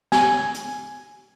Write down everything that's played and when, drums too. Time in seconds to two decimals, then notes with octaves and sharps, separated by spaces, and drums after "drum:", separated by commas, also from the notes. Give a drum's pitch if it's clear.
0.12 G#5, drum: snare
0.54 drum: hi-hat